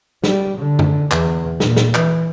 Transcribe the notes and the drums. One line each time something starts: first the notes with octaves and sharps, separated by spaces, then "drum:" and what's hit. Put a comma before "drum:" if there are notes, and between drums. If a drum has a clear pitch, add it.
G3, drum: snare
D3
drum: tom F#2
E2, drum: clap
A#2, drum: snare
drum: snare
E3, drum: clap